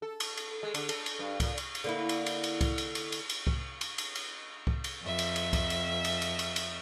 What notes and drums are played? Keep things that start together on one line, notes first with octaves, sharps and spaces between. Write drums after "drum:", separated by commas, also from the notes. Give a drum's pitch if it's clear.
A4
drum: cymbal
drum: cymbal
G#3
D3, drum: cymbal
A4, drum: cymbal
drum: cymbal
G2
A#2, drum: kick C2, cymbal
drum: cymbal
drum: cymbal
D3 A#3 E4
drum: cymbal
drum: cymbal
drum: cymbal
drum: kick C2, cymbal
drum: cymbal
drum: cymbal
drum: cymbal
drum: cymbal
drum: kick C2
drum: cymbal
drum: cymbal
drum: cymbal
drum: kick C2
drum: cymbal
F2 E5
drum: cymbal
drum: cymbal
drum: kick C2, cymbal
drum: cymbal
drum: cymbal
drum: cymbal
drum: cymbal
drum: cymbal